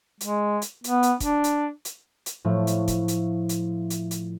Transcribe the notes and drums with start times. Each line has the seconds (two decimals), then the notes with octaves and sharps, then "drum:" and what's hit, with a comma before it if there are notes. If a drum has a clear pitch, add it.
0.21 G#3, drum: hi-hat
0.62 drum: hi-hat
0.84 B3, drum: hi-hat
1.03 drum: hi-hat
1.20 D4, drum: kick, hi-hat
1.44 drum: hi-hat
1.85 drum: hi-hat
2.26 drum: hi-hat
2.44 A2 F3 A3
2.67 drum: hi-hat
2.88 drum: kick, hi-hat
3.08 drum: hi-hat
3.49 drum: hi-hat
3.90 drum: hi-hat
4.11 drum: hi-hat